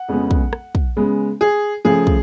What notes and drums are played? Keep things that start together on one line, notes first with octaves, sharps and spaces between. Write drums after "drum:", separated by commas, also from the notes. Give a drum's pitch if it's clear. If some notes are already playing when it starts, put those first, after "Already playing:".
Already playing: F#5
F2 C#3 G#3 B3
drum: kick
drum: rim click
drum: kick
C#3 G#3 B3
G#4
C#3 F3 A3 G#4
drum: kick